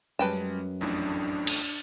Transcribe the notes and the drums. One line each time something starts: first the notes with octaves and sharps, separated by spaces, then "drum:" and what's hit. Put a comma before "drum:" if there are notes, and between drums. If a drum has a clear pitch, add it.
F#2 G3 G#3 C#4 B4 G5 A5
A1 F2 A2 D4
drum: cymbal